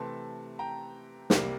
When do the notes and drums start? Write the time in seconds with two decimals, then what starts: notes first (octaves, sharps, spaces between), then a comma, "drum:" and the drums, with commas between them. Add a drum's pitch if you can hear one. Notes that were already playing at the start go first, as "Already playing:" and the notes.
Already playing: C3 E3 A3 A5 C6
0.59 G5 A#5
1.30 C2 C3 G3 A#3, drum: snare